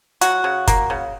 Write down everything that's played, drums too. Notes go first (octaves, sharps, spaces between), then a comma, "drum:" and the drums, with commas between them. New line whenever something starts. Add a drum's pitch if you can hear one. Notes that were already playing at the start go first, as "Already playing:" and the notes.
F#3 F#4, drum: hi-hat
C#3
A#3, drum: kick F#1, hi-hat
C#3